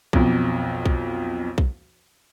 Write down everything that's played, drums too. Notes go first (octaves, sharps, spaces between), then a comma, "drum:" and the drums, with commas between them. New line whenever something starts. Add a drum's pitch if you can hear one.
B1 F2, drum: kick
drum: kick
drum: kick